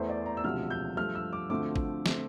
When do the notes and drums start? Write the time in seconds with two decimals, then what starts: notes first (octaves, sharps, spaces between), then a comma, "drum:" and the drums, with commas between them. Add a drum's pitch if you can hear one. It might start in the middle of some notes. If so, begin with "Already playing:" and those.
Already playing: E2 E3 A3 C5
0.09 D5
0.26 A#5
0.37 E6
0.44 E1 D2 C3 F3 F6
0.70 G6
0.97 G2 F3 A3 F6
1.15 E6
1.33 D6
1.50 D2 D3 F3 A3 C4 D6
1.76 drum: kick
2.06 D3 A3 C4, drum: snare